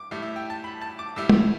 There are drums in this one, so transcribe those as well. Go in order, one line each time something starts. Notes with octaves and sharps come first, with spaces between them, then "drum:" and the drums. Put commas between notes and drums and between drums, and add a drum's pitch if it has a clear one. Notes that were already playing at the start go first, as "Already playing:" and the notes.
Already playing: D6
A2 G3 E4
E5
G5
A5
B5
A5
D6
A2 G3 E4 E6
drum: tom